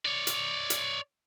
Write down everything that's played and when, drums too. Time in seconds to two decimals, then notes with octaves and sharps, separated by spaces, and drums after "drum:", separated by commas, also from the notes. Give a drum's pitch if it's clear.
0.05 C#5 D5
0.27 drum: hi-hat
0.70 drum: hi-hat